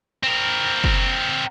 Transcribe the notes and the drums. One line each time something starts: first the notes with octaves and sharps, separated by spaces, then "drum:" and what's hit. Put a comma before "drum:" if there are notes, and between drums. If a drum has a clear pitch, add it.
C4 A#4
drum: kick